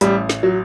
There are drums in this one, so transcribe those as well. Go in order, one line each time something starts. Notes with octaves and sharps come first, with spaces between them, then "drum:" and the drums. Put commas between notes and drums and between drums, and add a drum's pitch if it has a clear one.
A1 G3, drum: hi-hat
drum: snare
F#3